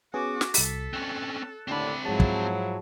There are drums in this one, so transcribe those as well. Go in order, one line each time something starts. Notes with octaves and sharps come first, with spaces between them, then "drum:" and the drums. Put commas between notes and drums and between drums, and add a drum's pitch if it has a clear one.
B3 C#4 F#4 G#4 D6
drum: snare
C2 A4 B6, drum: open hi-hat
C4 C#4 F#6
D#2 A2 D3 C4 D4 B5
G#2 F3 F#3 E4 G#4 A5
drum: kick